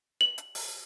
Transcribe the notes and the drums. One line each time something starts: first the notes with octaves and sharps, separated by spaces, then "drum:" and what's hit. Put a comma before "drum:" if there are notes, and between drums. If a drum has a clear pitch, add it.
F#7
drum: hi-hat
drum: open hi-hat